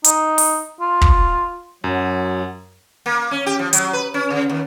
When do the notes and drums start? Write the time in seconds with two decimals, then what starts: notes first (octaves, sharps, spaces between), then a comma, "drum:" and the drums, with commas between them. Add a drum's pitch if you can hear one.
0.04 D#4, drum: hi-hat
0.38 drum: open hi-hat
0.81 F4
1.01 drum: kick
1.84 F#2 F#3
3.06 A#3
3.31 C#4
3.46 G4
3.59 F3
3.73 F#3, drum: hi-hat
3.93 B4
4.14 C#4
4.30 C#3
4.49 D#2